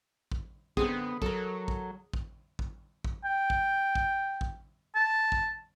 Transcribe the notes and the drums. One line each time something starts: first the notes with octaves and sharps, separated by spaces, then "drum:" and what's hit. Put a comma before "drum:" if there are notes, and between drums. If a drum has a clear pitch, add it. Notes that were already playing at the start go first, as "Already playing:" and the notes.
drum: kick A1
F#2 D3 B3 C4 G#4, drum: kick A1
F#3 A4 A#4, drum: kick A1
drum: kick A1
drum: kick A1
drum: kick A1
drum: kick A1
G5
drum: kick A1
drum: kick A1
drum: kick A1
A5
drum: kick A1